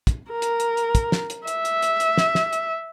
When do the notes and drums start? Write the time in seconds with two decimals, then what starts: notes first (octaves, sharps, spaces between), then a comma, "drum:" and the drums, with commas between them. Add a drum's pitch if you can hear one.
0.07 drum: kick, hi-hat
0.32 A#4
0.42 drum: hi-hat
0.60 drum: hi-hat
0.77 drum: hi-hat
0.95 drum: kick, hi-hat
1.12 drum: snare
1.30 drum: hi-hat
1.47 E5, drum: hi-hat
1.65 drum: hi-hat
1.82 drum: hi-hat
2.00 drum: hi-hat
2.18 drum: snare
2.35 drum: snare
2.53 drum: hi-hat